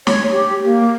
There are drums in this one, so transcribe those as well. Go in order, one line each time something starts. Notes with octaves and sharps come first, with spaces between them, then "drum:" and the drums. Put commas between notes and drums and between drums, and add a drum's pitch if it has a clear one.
C#5, drum: snare
G4
A#3